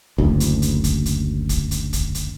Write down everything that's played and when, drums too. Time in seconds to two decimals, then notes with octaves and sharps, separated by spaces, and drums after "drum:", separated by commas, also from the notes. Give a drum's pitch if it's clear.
0.18 F#1 D2, drum: kick
0.40 drum: hi-hat
0.62 drum: hi-hat
0.84 drum: kick, hi-hat
1.06 drum: hi-hat
1.49 drum: kick, hi-hat
1.71 drum: hi-hat
1.93 drum: kick, hi-hat
2.15 drum: hi-hat